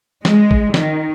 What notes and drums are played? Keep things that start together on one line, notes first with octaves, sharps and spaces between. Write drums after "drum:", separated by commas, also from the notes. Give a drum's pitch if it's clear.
G#3, drum: snare
drum: kick
D#3, drum: snare